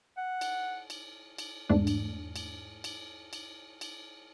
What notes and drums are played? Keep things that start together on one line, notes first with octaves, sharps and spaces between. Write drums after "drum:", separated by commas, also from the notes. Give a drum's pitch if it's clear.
F#5
drum: cymbal
drum: cymbal
drum: cymbal
E2 G#2 A3 D4
drum: cymbal
drum: cymbal
drum: cymbal
drum: cymbal
drum: cymbal